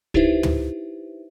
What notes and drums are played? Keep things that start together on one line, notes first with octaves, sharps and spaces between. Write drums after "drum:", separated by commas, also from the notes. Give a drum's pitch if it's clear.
D#4 E4 G4 B4 C5 E5, drum: kick
drum: tom